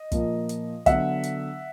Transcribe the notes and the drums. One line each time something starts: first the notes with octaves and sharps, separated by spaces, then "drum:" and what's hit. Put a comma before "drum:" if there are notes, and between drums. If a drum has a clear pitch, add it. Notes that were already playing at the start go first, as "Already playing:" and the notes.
Already playing: D#5
A#2 F3 A#3, drum: kick, hi-hat
drum: hi-hat
D3 F#3 B3 E5 F#5, drum: kick, hi-hat
drum: hi-hat